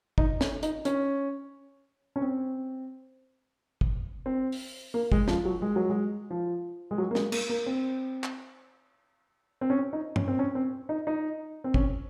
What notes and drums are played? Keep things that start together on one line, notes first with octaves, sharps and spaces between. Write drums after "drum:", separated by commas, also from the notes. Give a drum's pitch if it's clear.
D#4, drum: kick
C#4, drum: snare
D#4, drum: hi-hat
C#4, drum: hi-hat
C#4
C4
drum: kick
C4
drum: open hi-hat
A#3
G#3, drum: kick
F3, drum: snare
F#3
G#3
F#3
G#3
F3
G#3
F#3
A#3
G#3, drum: snare
A#3, drum: cymbal
A#3
C4
drum: clap
C4
C#4
D#4
C#4, drum: tom
C4
C#4
C4
D#4
D#4
C4
C#4, drum: kick